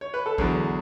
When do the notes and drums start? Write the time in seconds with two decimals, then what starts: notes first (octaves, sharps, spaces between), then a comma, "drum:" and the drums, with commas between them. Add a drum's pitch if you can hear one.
0.01 C#5
0.14 B4
0.26 A4
0.38 E2 D3 F#3 G#4, drum: kick G#1